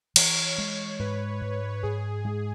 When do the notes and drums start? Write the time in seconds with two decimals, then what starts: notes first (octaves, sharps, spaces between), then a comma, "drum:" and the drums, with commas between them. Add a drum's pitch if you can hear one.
0.16 E3 C#5, drum: cymbal
0.58 G#3
0.99 G#2 B4
1.41 G#2
1.83 G#2 G#4
2.25 G#2